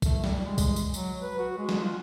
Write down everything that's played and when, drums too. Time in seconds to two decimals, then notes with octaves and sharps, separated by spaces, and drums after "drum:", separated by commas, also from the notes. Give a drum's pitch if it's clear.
0.02 A3, drum: kick, tambourine
0.24 G3, drum: snare
0.45 G#3
0.58 drum: kick, tambourine
0.76 drum: tambourine
0.94 F#3, drum: tambourine
1.21 B4
1.38 F#4
1.58 G#3
1.69 drum: snare
1.81 F4